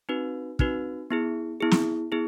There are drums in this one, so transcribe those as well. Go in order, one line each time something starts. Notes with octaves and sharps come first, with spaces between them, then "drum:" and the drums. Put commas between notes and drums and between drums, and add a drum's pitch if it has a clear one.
C4 D#4 F#4 B4
C4 D#4 F#4 B4, drum: kick
B3 E4 G#4
B3 E4 G#4
drum: snare
B3 E4 G#4